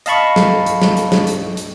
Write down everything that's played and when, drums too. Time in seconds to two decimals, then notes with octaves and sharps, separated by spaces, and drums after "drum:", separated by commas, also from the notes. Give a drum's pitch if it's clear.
0.06 D#5 F5 A5 B5 C#6, drum: hi-hat
0.36 drum: snare
0.66 drum: hi-hat
0.82 drum: snare
0.97 drum: hi-hat
1.12 drum: snare
1.27 drum: hi-hat
1.57 drum: hi-hat